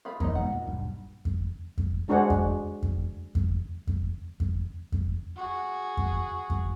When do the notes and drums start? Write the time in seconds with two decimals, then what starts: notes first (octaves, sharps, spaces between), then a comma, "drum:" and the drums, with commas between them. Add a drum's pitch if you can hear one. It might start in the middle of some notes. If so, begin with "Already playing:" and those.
0.05 F4 G#4 B5
0.20 D2 E3 A#3 D#4 D#5, drum: kick F2
0.35 G#2 B2 F#5
0.53 A#2
0.67 D#1 B1 G2
1.25 drum: kick F2
1.78 drum: kick F2
2.08 G#3 D4 F#4 G#4 C5 F#5
2.30 drum: kick F2
2.82 drum: kick F2
3.35 drum: kick F2
3.87 drum: kick F2
4.40 drum: kick F2
4.92 drum: kick F2
5.37 F#4 G#4
5.97 drum: kick F2
6.50 drum: kick F2